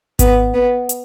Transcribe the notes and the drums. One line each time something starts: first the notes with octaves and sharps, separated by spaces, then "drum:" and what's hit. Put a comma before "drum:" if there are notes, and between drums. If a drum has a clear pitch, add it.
B3, drum: kick G#1, hi-hat
B3
drum: hi-hat